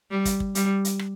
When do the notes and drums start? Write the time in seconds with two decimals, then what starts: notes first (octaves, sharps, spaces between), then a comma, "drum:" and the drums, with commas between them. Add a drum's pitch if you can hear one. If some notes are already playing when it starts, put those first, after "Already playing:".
0.11 G3
0.25 drum: kick, hi-hat
0.40 drum: kick
0.55 G3, drum: hi-hat
0.85 drum: hi-hat
0.99 drum: rim click